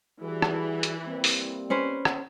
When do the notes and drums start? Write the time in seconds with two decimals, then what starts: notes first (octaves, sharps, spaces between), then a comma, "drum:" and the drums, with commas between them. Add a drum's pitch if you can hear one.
0.22 E3 G3 F#4 G#4
0.42 drum: rim click
0.83 drum: hi-hat
1.05 G3 A#3 C4
1.24 drum: open hi-hat
1.70 C#4 B4 C5
2.05 drum: rim click